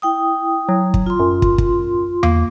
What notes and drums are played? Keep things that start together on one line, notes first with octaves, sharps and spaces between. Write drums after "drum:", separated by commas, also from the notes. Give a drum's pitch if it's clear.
E4 G5 D#6
F#3
drum: kick
F4 C6
F#2
drum: kick
drum: kick
A#3, drum: tom E2